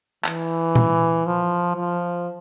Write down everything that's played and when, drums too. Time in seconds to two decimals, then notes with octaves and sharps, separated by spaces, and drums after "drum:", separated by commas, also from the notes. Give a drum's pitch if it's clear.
0.25 E3, drum: clap
0.75 drum: tom A#2
1.26 F3
1.77 F3